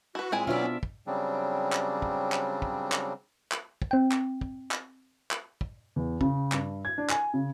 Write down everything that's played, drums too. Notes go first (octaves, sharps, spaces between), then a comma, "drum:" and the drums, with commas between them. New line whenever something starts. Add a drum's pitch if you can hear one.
E4 F#4 B4
A#2 G#3 C4 E4 G#5
B2 F#3 B3 C#4 D4 F4 D5 E5
drum: kick
C#3 F#3 G3 C4 D4
drum: clap
drum: kick
drum: clap
drum: kick
drum: clap
drum: clap
drum: kick
C4 G5
drum: clap
drum: kick
drum: clap
drum: clap
drum: kick
E2
C#3, drum: kick
G2, drum: clap
G#6
D4
G#5, drum: clap
C#3